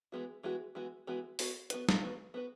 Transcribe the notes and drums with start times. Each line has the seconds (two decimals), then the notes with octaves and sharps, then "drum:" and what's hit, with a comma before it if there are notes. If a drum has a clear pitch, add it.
0.12 E3 G#3 B3 F#4
0.43 E3 G#3 B3 F#4
0.75 E3 G#3 B3 F#4
1.07 E3 G#3 B3 F#4
1.39 B3 F#4 B4, drum: open hi-hat
1.70 B3 F#4 B4, drum: hi-hat
1.89 drum: snare
2.02 B3 F#4 B4
2.34 B3 F#4 B4